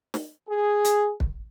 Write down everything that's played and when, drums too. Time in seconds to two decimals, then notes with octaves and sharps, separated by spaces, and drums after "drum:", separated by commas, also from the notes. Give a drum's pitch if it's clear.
0.14 drum: snare
0.49 G#4
0.85 drum: hi-hat
1.20 drum: kick